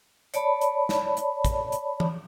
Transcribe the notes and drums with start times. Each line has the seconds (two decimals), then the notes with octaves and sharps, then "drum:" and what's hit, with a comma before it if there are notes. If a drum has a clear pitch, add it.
0.34 C#5 D5 A5 B5, drum: hi-hat
0.61 drum: hi-hat
0.89 drum: snare
1.17 drum: hi-hat
1.45 drum: kick, hi-hat
1.72 drum: hi-hat
2.00 drum: tom E3